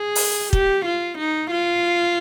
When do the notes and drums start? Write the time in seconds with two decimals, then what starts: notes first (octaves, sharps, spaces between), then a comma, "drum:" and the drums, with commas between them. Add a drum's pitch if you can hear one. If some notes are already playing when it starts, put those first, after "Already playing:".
Already playing: G#4
0.15 drum: open hi-hat
0.53 G4, drum: kick
0.85 F4
1.18 D#4
1.51 F4